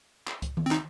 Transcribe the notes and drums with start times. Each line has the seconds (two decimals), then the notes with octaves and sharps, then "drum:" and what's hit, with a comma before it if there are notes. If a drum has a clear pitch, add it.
0.28 drum: clap
0.42 drum: kick C#2, hi-hat
0.57 drum: tom D#3
0.66 C4
0.71 D#4, drum: clap